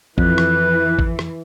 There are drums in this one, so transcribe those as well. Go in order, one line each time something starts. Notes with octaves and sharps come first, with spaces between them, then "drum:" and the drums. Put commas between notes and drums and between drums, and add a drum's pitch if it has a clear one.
F2 E3 B4, drum: kick G#1
drum: rim click
drum: kick G#1
drum: rim click